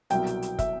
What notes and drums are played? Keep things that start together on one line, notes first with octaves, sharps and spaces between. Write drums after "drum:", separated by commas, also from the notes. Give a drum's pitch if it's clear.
C2 B2 F#3 G5, drum: hi-hat
drum: hi-hat
drum: hi-hat
E5, drum: kick, hi-hat